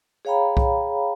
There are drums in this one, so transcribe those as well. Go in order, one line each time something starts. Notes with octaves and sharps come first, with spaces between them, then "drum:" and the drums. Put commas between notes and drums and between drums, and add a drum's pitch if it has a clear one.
G#4 C#5 F5 G5 A#5 B5
drum: kick C2